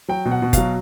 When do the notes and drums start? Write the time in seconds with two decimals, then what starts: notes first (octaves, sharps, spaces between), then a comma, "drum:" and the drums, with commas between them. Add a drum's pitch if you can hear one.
0.08 F#3 G5
0.25 B2
0.31 F#5
0.42 B2
0.53 F#3 F5, drum: kick, hi-hat